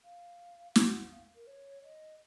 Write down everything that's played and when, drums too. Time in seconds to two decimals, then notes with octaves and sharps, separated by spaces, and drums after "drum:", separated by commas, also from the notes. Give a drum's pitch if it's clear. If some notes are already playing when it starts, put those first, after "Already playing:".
0.04 F5
0.76 F#5, drum: snare
1.11 F5
1.35 A#4
1.47 C#5
1.83 D#5